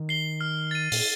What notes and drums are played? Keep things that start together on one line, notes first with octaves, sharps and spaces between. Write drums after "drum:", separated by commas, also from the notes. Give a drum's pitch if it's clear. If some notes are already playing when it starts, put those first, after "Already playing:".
Already playing: D#3
C7 G7
F6
A6 D#7
A#2, drum: open hi-hat